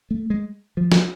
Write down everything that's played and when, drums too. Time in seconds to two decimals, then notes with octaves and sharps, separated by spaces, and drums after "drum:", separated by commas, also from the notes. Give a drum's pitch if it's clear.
0.11 A3
0.30 G#3
0.77 F3
0.92 drum: snare